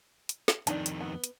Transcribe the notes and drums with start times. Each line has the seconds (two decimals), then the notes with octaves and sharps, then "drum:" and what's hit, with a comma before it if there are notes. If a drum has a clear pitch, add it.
0.29 drum: hi-hat
0.48 drum: snare
0.67 F2 D#3 D4 D#4 A5, drum: hi-hat
0.86 drum: hi-hat
1.01 B3
1.24 drum: hi-hat